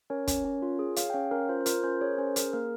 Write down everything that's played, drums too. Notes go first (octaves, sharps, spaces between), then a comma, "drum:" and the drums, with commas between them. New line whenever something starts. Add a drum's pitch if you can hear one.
C#4 A#4 C#5
C#4, drum: kick, hi-hat
C#4
F4
G#4
G#4 C#5 F5, drum: hi-hat
G5
C#4 C#5 F5
C#4 A#4
F4 C5
C5
F4 A#4, drum: hi-hat
C#4 C5
G#4 A#4 C#5
C#4 C5
G#4 A#4, drum: hi-hat
A#3 A#4